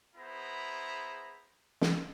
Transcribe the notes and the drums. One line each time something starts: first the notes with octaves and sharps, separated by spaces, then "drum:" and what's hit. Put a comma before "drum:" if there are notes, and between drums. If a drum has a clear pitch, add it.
B3 E4 G#4 C5 A#5 B5
drum: snare